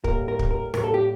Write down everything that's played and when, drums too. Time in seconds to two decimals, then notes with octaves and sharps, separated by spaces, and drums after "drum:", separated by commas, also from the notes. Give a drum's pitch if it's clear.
0.04 A2 G3 A#3 A#4, drum: kick
0.28 A#4
0.39 drum: kick
0.51 A#4
0.74 A2 G3 A#3 A#4, drum: rim click
0.84 A4
0.94 G4